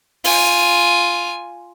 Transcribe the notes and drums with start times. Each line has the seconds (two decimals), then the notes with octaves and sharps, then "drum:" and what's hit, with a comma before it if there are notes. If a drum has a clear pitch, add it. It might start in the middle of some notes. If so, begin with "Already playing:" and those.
0.24 F4 G#5, drum: open hi-hat